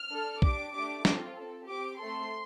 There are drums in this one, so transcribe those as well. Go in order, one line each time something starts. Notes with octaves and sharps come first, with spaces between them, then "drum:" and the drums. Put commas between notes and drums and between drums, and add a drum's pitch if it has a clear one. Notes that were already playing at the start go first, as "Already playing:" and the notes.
Already playing: F6
D4 A4
D4 G4 D6, drum: kick
A3 D4 G4 D6
C4 F4 A4, drum: snare
C4 A4
C4 G4 D6
A3 C4 A4 C6